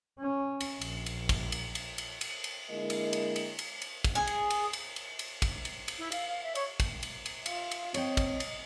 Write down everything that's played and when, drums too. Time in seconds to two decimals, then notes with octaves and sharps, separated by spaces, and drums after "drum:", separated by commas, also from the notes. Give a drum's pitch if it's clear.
0.20 C#4
0.60 drum: cymbal
0.81 A#1, drum: cymbal
1.06 drum: cymbal
1.29 drum: kick, cymbal
1.52 drum: cymbal
1.75 drum: cymbal
1.98 drum: cymbal
2.21 drum: cymbal
2.44 drum: cymbal
2.70 D3 G#3 A#3 E4 A#4 D#5
2.90 drum: cymbal
3.13 drum: cymbal
3.36 drum: cymbal
3.59 drum: cymbal
3.82 drum: cymbal
4.04 drum: kick, cymbal
4.15 G#4
4.27 drum: cymbal
4.50 drum: cymbal
4.73 drum: cymbal
4.96 drum: cymbal
5.19 drum: cymbal
5.42 drum: kick, cymbal
5.65 drum: cymbal
5.88 drum: cymbal
5.98 E4
6.12 F5, drum: cymbal
6.29 F5
6.43 E5
6.55 C#5, drum: cymbal
6.80 drum: kick, cymbal
7.03 drum: cymbal
7.26 drum: cymbal
7.46 F4 E5, drum: cymbal
7.71 drum: cymbal
7.94 C4 C#5 D#5 G5, drum: cymbal
8.17 drum: kick, cymbal
8.40 drum: cymbal